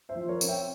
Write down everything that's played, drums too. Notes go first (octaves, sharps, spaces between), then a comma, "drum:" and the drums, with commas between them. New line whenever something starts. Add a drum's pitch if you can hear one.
C5 E5
F3
A#4 C#5
C4, drum: tambourine
E5 G5